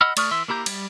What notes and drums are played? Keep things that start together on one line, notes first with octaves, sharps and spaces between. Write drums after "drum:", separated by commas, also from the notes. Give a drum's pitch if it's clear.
D#5 F#5 B5 E6 F6
A3 D5 C#6 D#6 F6, drum: cymbal
E3 E5 C6 E6
A#3 E4 G4 A#5 G6
G3, drum: cymbal